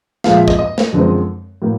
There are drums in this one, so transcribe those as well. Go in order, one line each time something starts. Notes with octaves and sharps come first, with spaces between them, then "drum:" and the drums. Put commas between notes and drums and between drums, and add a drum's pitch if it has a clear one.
A#2 F3 G#3 F5, drum: snare
E5
D#5, drum: kick
D#5
drum: snare
F#2 D3 F3 G#3 C4
A2 F#3 A#3